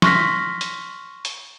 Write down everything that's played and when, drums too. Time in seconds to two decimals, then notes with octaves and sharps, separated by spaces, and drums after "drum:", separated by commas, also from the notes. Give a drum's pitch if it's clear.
0.02 C6 C#6 F6 F#6 A#6 B6, drum: snare
0.61 drum: hi-hat
1.25 drum: hi-hat